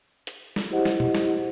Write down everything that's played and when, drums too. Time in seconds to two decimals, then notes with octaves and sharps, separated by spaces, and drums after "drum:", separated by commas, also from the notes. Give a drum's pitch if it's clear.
0.27 drum: hi-hat
0.56 drum: snare
0.71 E4 G4 G#4 C5 D#5 F#5
0.85 drum: snare
1.00 drum: tom
1.15 drum: snare